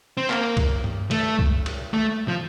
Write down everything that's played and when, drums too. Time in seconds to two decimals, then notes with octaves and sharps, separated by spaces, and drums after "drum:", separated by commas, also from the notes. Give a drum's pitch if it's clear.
0.17 C4
0.30 A#3, drum: clap
0.57 drum: kick C2, cymbal
0.84 drum: tom G2
1.11 A3, drum: cymbal
1.39 drum: kick C2
1.66 drum: cymbal
1.94 A3
2.28 F3